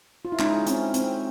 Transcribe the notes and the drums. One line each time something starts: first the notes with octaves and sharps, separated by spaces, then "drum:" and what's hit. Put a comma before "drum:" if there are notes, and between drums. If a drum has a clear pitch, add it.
F4
E4
G#3 C#4 D#4, drum: clap
C4 C#4, drum: hi-hat
C4, drum: hi-hat